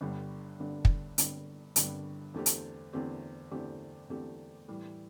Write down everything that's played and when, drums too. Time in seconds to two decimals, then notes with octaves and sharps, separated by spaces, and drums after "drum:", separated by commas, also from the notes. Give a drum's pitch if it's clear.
0.01 G1 G2 D3 G3
0.59 G1 G2 D3 G3
0.85 drum: kick
1.18 G1 G2 D3 G3, drum: hi-hat
1.76 G1 G2 D3 G3, drum: hi-hat
2.34 E2 D3 A3 C4 G4
2.46 drum: hi-hat
2.93 E2 D3 A3 C4 G4
3.51 E2 D3 A3 C4 G4
4.10 E2 D3 A3 C4 G4
4.68 A2 E3 G3